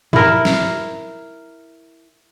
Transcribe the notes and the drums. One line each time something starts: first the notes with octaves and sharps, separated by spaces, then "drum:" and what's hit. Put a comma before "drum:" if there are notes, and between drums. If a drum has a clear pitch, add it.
E4 A#4, drum: tom G2
drum: snare